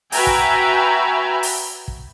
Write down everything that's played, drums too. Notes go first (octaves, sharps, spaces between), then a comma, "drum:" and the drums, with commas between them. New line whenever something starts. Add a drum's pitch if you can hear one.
F#4 B4 E5 G5 G#5 A#5, drum: open hi-hat
drum: kick
drum: open hi-hat
drum: kick